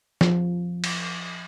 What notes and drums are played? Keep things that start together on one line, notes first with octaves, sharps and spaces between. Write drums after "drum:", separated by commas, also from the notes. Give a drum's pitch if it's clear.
F3, drum: snare
drum: cymbal